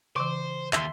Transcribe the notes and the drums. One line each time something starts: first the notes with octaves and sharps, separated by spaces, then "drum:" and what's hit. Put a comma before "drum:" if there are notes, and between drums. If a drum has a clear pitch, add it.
C#3 E3 C5 D6
D#2 E5 C6, drum: clap